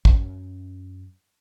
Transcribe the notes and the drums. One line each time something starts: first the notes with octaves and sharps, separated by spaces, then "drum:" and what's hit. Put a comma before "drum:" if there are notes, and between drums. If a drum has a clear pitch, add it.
F#2 C#4, drum: kick